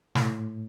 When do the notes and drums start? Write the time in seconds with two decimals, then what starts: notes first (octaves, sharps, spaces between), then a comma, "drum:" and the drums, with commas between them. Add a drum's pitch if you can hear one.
0.15 A2, drum: snare